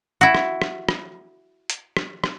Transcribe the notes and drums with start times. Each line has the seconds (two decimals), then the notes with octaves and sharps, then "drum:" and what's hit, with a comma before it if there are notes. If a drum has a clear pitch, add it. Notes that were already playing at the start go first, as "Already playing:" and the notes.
0.21 E4 F#4
0.35 drum: rim click
0.62 drum: rim click
0.89 drum: rim click
1.70 drum: hi-hat
1.97 drum: rim click
2.24 drum: rim click